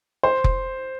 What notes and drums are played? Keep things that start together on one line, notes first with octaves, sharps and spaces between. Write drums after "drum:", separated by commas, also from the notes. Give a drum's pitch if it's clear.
C5
drum: kick F1